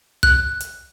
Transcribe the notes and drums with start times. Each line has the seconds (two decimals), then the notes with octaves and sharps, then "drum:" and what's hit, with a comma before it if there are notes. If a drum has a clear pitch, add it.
0.23 F#6, drum: kick
0.60 drum: hi-hat